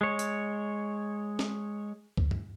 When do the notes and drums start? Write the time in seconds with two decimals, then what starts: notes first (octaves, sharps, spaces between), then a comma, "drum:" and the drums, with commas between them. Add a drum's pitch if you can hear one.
0.01 G#3 C#5
0.19 drum: hi-hat
1.39 drum: snare
2.17 drum: kick C#2
2.31 drum: tom G2